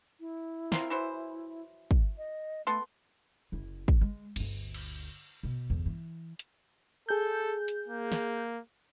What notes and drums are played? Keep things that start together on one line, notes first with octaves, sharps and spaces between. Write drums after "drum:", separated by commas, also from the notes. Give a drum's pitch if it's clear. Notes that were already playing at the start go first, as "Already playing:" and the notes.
E4
C4 F4 A#4, drum: snare
E3 F#3 C5
drum: kick
D#5
A3 B3 A4 C6
F#1 E4
drum: kick
G#3
G1 D2, drum: cymbal
drum: cymbal
B2
G1 E2
E3
drum: hi-hat
G#4 A4 G6
drum: hi-hat
A#3
drum: snare